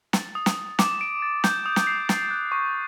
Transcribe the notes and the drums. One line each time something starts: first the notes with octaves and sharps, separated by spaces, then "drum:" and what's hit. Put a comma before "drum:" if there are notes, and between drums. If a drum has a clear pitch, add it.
A6, drum: snare
D#6
drum: snare
D#6
D6, drum: snare
D7
A6
G6, drum: snare
D#6
drum: snare
C7
A6, drum: snare
F#6
C#6